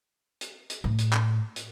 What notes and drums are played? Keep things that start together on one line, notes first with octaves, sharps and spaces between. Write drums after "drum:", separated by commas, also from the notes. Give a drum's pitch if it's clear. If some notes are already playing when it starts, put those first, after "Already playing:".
drum: hi-hat
drum: hi-hat
A2
drum: hi-hat
drum: clap
drum: hi-hat